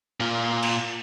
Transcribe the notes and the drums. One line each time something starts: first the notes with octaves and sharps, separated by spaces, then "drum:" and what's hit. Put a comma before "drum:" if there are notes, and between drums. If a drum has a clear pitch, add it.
A#2 F4
drum: cymbal